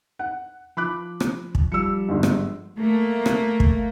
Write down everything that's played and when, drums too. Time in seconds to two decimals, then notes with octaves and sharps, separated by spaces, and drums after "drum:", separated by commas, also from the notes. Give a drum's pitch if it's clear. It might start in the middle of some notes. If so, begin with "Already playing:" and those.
0.19 F#5
0.77 F3 B5 D6 F#6
1.20 drum: rim click
1.55 drum: kick
1.72 F3 G3 E6 C#7
2.09 G1 G#2
2.23 drum: rim click
2.79 A3 A#3
3.26 drum: rim click
3.60 drum: kick